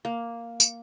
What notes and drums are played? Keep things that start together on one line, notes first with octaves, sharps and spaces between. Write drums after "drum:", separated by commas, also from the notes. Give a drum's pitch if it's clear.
A#3
drum: tambourine